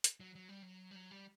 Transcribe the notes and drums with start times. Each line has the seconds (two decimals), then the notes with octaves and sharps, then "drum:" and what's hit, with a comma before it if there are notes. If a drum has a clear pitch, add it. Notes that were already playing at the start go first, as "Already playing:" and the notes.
0.04 drum: hi-hat
0.20 F#3
0.35 F#3
0.49 G3
0.62 F#3
0.91 G3
0.96 F#3
1.11 G3